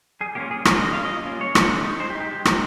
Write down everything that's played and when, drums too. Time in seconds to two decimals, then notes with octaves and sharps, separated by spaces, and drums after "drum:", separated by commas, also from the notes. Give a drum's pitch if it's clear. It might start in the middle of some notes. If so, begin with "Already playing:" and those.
0.21 G3 G#4
0.35 A#3 C#4 F4 G4
0.51 G3 G#4
0.65 A#3 C#4 F4 A#4, drum: rim click
0.81 G3 D#5
0.93 A#3 C#4 F4 F5
1.05 D#5
1.11 G3
1.25 A#3 C#4 F4
1.40 G#3 C#5
1.55 D#4, drum: rim click
1.70 G#3
1.85 D#4
2.00 G#3 C5
2.10 G4
2.15 D#4
2.20 G4
2.30 G#3
2.45 D#4, drum: rim click